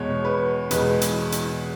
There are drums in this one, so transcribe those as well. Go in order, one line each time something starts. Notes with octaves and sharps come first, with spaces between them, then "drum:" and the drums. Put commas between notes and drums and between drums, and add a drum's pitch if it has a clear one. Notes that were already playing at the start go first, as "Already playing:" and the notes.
Already playing: E2 B2 G#3 C#5
B4
E2 B2 G#3 B4, drum: hi-hat
drum: hi-hat
drum: hi-hat